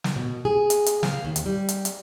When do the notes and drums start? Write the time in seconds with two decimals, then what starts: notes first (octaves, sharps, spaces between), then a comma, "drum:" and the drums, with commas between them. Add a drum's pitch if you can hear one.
0.04 drum: snare
0.16 B2
0.45 G#4
0.70 drum: hi-hat
0.86 drum: hi-hat
1.03 F5, drum: snare
1.24 D#2
1.36 drum: hi-hat
1.46 G3
1.69 drum: hi-hat
1.85 drum: hi-hat